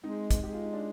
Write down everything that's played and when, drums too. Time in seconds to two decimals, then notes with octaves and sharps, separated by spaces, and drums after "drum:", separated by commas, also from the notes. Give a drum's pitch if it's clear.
0.03 G#3 C4 D#4
0.31 drum: kick, hi-hat
0.43 G#3 G4
0.54 F4
0.64 D#4
0.73 D4 F4